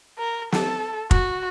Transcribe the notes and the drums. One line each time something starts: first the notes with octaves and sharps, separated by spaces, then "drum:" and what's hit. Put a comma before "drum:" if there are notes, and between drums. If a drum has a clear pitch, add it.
A#4
A4, drum: snare
F#4, drum: kick